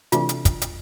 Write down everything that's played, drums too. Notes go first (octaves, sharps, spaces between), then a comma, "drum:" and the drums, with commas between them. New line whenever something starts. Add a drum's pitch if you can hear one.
C3 E3 A3 D4 F4, drum: hi-hat
drum: hi-hat
drum: kick, hi-hat
drum: hi-hat